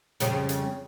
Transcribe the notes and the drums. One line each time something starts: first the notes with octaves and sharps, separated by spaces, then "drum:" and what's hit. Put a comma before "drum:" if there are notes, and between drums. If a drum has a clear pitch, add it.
F2 C#3 G3, drum: hi-hat
drum: hi-hat